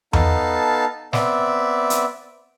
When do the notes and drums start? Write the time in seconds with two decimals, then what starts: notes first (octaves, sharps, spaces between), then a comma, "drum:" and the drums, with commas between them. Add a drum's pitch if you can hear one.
0.13 B3 D#4 A4 F5 A5, drum: tom E2
1.13 B3 C4 D5 E5, drum: snare
1.90 drum: hi-hat